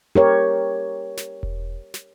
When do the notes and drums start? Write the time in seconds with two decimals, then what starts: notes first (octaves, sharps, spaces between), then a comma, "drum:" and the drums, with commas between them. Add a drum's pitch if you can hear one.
0.16 G4 A#4 C#5
1.17 drum: snare
1.43 drum: kick E1
1.94 drum: snare